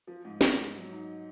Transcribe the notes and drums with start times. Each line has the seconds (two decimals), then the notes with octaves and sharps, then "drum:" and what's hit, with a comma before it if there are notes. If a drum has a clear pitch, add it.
0.07 F3
0.25 G#2
0.41 G#2, drum: snare
0.57 G#2
0.75 F#3
0.92 D#4